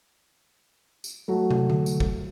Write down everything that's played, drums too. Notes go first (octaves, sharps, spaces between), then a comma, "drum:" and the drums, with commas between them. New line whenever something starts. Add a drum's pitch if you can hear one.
drum: tambourine
F#3 A3
drum: tom
drum: tom D3
drum: tambourine
drum: kick